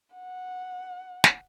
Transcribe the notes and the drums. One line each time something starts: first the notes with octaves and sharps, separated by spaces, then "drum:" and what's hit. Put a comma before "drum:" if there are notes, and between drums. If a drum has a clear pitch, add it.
F#5
drum: snare